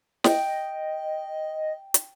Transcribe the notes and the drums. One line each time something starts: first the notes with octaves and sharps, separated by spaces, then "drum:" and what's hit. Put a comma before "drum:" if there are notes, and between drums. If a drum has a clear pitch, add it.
D#5 G5, drum: snare
drum: hi-hat